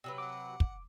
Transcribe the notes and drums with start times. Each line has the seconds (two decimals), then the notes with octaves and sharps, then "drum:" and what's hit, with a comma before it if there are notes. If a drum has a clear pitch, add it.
0.04 C3 F#3 B4
0.18 F#5 D6
0.60 drum: kick